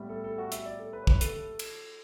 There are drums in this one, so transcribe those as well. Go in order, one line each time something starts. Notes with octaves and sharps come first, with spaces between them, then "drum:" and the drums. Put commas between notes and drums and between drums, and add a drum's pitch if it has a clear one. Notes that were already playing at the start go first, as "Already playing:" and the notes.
Already playing: A2 G3 B3
A4
A4
F#4
E5, drum: hi-hat
D5
A4
B4
C#5
B4, drum: kick
A4, drum: hi-hat
drum: cymbal